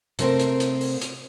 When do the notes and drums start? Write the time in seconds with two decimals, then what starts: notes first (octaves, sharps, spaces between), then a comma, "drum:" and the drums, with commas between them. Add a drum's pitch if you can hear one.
0.19 C3 A3 C4 A#4 C5, drum: hi-hat
0.39 drum: hi-hat
0.60 drum: hi-hat
0.81 drum: open hi-hat
1.01 drum: hi-hat